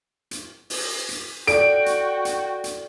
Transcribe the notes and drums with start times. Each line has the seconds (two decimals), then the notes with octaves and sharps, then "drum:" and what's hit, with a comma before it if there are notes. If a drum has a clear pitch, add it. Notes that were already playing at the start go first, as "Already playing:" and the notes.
0.31 drum: hi-hat
0.70 drum: open hi-hat
1.09 drum: hi-hat
1.47 F#4 A4 D5 G5 D7, drum: hi-hat
1.86 drum: hi-hat
2.25 drum: hi-hat
2.64 drum: hi-hat